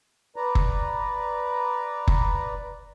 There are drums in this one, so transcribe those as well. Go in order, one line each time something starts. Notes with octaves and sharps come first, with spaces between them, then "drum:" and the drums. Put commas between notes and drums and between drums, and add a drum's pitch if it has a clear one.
B4 D5 A#5
drum: kick
drum: kick